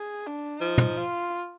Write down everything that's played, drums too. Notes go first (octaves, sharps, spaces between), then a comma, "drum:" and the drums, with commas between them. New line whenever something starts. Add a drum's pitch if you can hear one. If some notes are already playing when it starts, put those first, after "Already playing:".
Already playing: G#4
D4
F3 D#4
drum: tom
F4